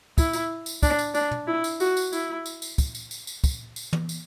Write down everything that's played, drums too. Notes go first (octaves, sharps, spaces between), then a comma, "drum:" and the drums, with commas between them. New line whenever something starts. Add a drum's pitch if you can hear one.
E4, drum: kick, tambourine
drum: tambourine
drum: tambourine
D4, drum: kick, tambourine
drum: tambourine
D4, drum: tambourine
drum: tom
E4
drum: tambourine
F#4, drum: tambourine
drum: tambourine
E4, drum: tambourine
drum: tambourine
drum: tambourine
drum: kick, tambourine
drum: tambourine
drum: tambourine
drum: tambourine
drum: kick, tambourine
drum: tambourine
drum: tom
drum: tambourine